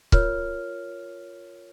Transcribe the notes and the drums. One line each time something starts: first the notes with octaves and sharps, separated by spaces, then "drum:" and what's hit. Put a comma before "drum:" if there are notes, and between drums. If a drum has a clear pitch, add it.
F4 A#4 C#5 F6, drum: kick C#1